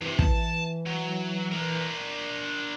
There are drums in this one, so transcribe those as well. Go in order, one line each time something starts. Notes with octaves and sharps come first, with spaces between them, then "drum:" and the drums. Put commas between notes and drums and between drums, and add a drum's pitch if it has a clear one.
G2 C3 E3
A5, drum: kick
F#3
D4 A#4